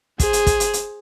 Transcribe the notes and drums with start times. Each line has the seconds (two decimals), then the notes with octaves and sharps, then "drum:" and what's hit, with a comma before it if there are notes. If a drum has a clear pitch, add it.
0.20 G#4 C5, drum: kick, hi-hat
0.33 drum: hi-hat
0.46 drum: kick, hi-hat
0.60 drum: hi-hat
0.73 drum: hi-hat